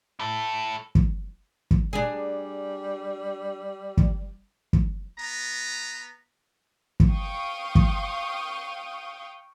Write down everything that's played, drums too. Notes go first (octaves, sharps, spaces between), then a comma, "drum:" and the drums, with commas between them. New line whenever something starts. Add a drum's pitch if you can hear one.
E4 A4
drum: kick
drum: kick
G3 D4 G#4
drum: kick
drum: kick
B3 A#5
drum: kick
F5 G5 C#6 D#6
drum: kick